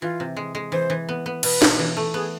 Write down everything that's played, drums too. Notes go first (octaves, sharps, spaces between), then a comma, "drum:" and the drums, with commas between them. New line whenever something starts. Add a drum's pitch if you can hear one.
E3 F4
C3
G#3
G#3
E3 C5
E3
B3
B3
B2 B4, drum: cymbal
B2, drum: snare
E3
A3
B3 G#4